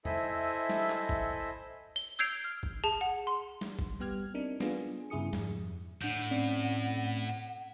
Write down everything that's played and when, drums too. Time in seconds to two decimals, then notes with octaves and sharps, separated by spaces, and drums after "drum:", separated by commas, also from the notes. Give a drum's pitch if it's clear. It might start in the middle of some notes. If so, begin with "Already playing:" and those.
0.05 E4 A4 C5 D#5 E5 G#5, drum: tom E2
0.69 drum: snare
0.90 drum: clap
1.09 drum: kick G1
1.96 G7
2.19 E6 G6 G#6 C7 D7 F7
2.45 F6
2.63 drum: kick G1
2.84 G#4 A5
3.01 F#5
3.27 C6
3.61 drum: snare
3.79 drum: kick G1
4.00 G3 B3 G4 F6 G#6
4.34 C4 D4 D#4 A#4
4.60 B3 D4 F4 G#4, drum: snare
5.10 G2 C#3 E4 G#4 D#6 C#7
5.33 F2 G#2, drum: snare
6.02 A2 D4 F#5 G6
6.31 C4 C#4 D5